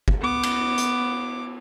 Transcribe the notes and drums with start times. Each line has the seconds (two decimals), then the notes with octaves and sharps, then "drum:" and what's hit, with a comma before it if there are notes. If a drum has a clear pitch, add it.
0.08 drum: kick
0.21 B3 D6
0.43 drum: cymbal
0.78 drum: hi-hat